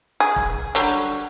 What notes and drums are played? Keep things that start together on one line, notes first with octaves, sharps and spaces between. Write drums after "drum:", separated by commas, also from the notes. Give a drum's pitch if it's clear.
G#4
drum: kick E1
D3 F#3 G3